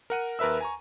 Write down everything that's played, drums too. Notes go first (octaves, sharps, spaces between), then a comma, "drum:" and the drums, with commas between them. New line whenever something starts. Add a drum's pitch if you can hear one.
A#4 F#5 D#7, drum: tambourine
drum: tambourine
D#2 A#4 B4 E5 E6
G#5 A#5 C#6